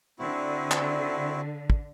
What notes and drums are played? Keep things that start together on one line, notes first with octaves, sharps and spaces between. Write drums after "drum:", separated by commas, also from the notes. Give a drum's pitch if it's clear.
D3 C4 E4 F#4
drum: clap
drum: kick